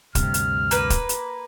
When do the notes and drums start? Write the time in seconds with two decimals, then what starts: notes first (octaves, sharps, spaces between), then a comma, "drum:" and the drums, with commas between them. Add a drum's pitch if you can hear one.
0.15 D2 G2 C3 F6, drum: kick, hi-hat
0.34 drum: hi-hat
0.71 A#3 B4, drum: hi-hat
0.90 drum: kick, hi-hat
1.09 drum: hi-hat